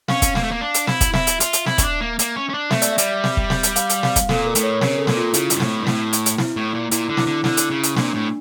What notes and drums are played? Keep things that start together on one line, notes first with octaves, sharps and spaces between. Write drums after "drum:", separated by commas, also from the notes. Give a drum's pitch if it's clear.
C#4 F5, drum: snare
drum: kick, hi-hat
A#3, drum: snare
A3
A#3
D4
drum: hi-hat
E4, drum: snare
drum: kick, hi-hat
E4 E5, drum: snare
drum: hi-hat
F4, drum: hi-hat
drum: hi-hat
E4, drum: snare
C#4, drum: kick, hi-hat
D4
A#3
A#3, drum: hi-hat
C#4
C#4
D4
A3 E5, drum: snare
D5, drum: hi-hat
E5
G3, drum: hi-hat
drum: snare
drum: kick
drum: snare
drum: hi-hat
F5, drum: hi-hat
drum: hi-hat
F5, drum: snare
drum: kick, hi-hat
A#2 A4, drum: snare
A#4
A2, drum: hi-hat
C#5
C#3 A#4, drum: snare
A4
A#2, drum: snare
F4
C#3 E4, drum: hi-hat
G2, drum: hi-hat
A2, drum: snare
G2
A2, drum: snare
drum: hi-hat
drum: hi-hat
E4, drum: snare
A2
A#2
A#2 E4, drum: hi-hat
D3
E4, drum: snare
D3
D3 E4, drum: snare
drum: hi-hat
C#3
drum: hi-hat
A#2 D4, drum: snare
A2